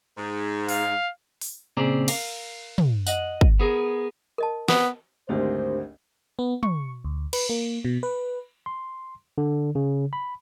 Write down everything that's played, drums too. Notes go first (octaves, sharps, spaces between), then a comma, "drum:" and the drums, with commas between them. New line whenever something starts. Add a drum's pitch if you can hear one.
G#2
F5, drum: open hi-hat
drum: open hi-hat
A#2 C#3 C4 G#4 D5 A#5
A#4 F5, drum: cymbal
drum: tom
D#5 F#5, drum: tambourine
drum: kick
B3 G#4 A#4
A#4 D#5 A5
B3, drum: snare
G#1 D2 D4 G4 A#4 C5
B3
C#6, drum: tom
D2
B4, drum: cymbal
A#3
B2
B4
C6
D3
C#3
B5